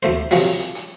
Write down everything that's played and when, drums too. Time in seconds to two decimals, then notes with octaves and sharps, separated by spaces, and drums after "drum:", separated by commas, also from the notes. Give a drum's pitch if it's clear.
0.03 D2 A3 C5
0.31 C3 F3 F#3, drum: open hi-hat
0.46 drum: hi-hat
0.60 drum: hi-hat
0.75 drum: hi-hat